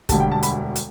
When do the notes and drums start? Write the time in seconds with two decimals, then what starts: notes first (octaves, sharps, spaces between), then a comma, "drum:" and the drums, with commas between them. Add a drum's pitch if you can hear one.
0.09 E1 D2 D3 G3 A5, drum: kick, hi-hat
0.20 G5
0.32 A5
0.43 B5, drum: hi-hat
0.76 drum: hi-hat